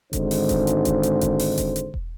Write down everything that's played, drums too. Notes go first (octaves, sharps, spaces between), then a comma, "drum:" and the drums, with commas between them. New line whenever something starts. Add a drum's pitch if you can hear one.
G#1 D3 G#3 D#4 C5, drum: kick E1, hi-hat
drum: open hi-hat
drum: kick E1, hi-hat
drum: hi-hat
drum: kick E1, hi-hat
drum: hi-hat
drum: kick E1, hi-hat
drum: open hi-hat
drum: kick E1, hi-hat
drum: hi-hat
drum: kick E1